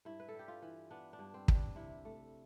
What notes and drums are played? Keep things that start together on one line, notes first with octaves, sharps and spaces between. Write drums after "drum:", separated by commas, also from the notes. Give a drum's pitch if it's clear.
G2 E4
B4
A4
G3 G4
F4
E3
B3 D4
D4
G2
C4
G3, drum: kick
D4
C3 E4
A3